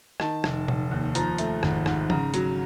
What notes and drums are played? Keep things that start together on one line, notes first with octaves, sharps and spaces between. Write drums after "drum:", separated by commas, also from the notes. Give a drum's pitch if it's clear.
D#3 A5, drum: rim click
F1, drum: rim click
F1, drum: tom A#2
D#2
F3 A#5, drum: hi-hat
A3, drum: hi-hat
G#1, drum: rim click
G#2, drum: rim click
C#3 A#5, drum: tom
F#3, drum: hi-hat